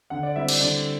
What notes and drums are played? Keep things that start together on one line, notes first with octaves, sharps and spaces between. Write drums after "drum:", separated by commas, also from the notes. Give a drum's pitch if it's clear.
D3 F#5
D5
G3 C4 E4 E5
D5, drum: cymbal
D3 D5